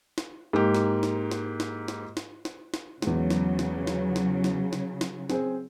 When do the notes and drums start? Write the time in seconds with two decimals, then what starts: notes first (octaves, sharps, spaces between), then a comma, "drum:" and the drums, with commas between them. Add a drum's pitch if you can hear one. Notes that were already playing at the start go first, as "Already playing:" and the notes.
0.18 drum: snare
0.53 G#2 A#3 G4
0.75 drum: snare
1.03 drum: snare
1.31 drum: snare
1.60 drum: snare
1.88 drum: snare
2.17 drum: snare
2.45 drum: snare
2.74 drum: snare
3.02 E2 C#3 F#3 G#3, drum: snare
3.30 drum: snare
3.59 drum: snare
3.87 drum: snare
4.16 drum: snare
4.44 drum: snare
4.73 drum: snare
5.01 drum: snare
5.30 C4 G#4 C5, drum: snare